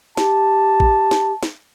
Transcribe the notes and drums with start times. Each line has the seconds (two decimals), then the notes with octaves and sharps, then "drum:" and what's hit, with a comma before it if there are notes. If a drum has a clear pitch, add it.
0.17 G4 A5, drum: snare
0.80 drum: kick A1
1.11 drum: snare
1.43 drum: snare